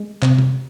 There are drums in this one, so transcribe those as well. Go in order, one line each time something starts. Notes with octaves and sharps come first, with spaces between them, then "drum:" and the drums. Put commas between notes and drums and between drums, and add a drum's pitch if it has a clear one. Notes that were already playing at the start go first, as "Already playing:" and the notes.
Already playing: G#3
C3, drum: clap
drum: tom C3